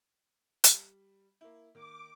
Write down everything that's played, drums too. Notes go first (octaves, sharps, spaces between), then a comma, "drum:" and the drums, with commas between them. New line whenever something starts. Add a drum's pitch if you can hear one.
G3, drum: hi-hat
A#3 E4
D#3 A#3 D6